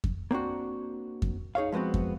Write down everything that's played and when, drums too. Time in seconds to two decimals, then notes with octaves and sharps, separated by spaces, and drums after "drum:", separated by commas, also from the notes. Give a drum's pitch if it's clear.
0.04 drum: kick F2
0.31 A#3 C4 D4 F#4
1.22 drum: kick F2
1.55 D#4 G#4 C#5 F5
1.72 F3 G#3 B3 C4 F#4
1.94 drum: kick F2